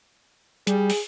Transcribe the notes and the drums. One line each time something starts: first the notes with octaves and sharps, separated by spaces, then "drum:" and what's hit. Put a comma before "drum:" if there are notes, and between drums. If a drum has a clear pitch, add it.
G3 G#4, drum: hi-hat
drum: open hi-hat